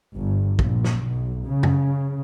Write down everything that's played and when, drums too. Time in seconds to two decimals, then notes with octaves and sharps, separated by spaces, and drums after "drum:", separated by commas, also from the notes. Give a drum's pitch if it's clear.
0.17 G1
0.59 A#1, drum: kick
0.84 drum: snare
1.03 B1
1.47 C#3
1.63 drum: tom F#2